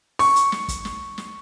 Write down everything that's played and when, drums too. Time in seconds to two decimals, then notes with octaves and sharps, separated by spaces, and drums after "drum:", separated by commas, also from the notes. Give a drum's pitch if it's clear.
0.19 C#6, drum: open hi-hat
0.36 drum: hi-hat
0.52 drum: snare
0.68 drum: kick, hi-hat
0.85 drum: snare
1.18 drum: snare